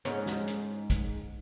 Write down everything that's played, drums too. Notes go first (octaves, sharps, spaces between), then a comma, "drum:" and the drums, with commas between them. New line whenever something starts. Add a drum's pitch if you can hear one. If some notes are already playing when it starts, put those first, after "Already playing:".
G#2 C#4, drum: hi-hat
drum: snare
drum: hi-hat
drum: kick, hi-hat